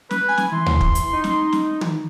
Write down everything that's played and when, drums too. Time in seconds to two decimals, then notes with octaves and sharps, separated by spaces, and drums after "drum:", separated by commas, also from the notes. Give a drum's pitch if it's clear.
0.11 B4, drum: snare
0.28 G#5
0.38 drum: snare
0.52 E3 C6
0.66 drum: tom D2
0.81 drum: kick
0.95 drum: hi-hat
1.13 D#4
1.24 drum: snare
1.53 drum: snare
1.81 drum: tom